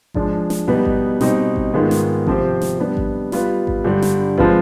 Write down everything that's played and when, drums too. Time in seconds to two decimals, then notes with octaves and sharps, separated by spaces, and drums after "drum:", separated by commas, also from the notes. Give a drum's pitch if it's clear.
0.14 F3 G#3 D4 F4, drum: kick G#1
0.50 drum: snare
0.68 B2 G3 B3 D#4 B4
0.85 drum: kick G#1
1.21 B2 G3 C4 D#4, drum: snare
1.56 drum: kick G#1
1.74 G#2 D#3 G#3 B3 F4
1.91 drum: snare
2.27 C3 F3 C4 G4 C5, drum: kick G#1
2.62 drum: snare
2.79 G3 B3 D4
2.97 drum: kick G#1
3.32 G3 B3 F4 B4, drum: snare
3.67 drum: kick G#1
3.84 G2 D3 G3
4.02 drum: snare
4.38 F3 G#3 C4 F4 B4, drum: kick G#1